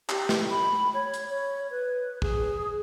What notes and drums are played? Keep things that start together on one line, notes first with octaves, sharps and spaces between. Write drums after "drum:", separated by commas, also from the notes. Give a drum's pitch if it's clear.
G4, drum: clap
drum: snare
B5
C#5
drum: hi-hat
C#5
B4
G#4, drum: kick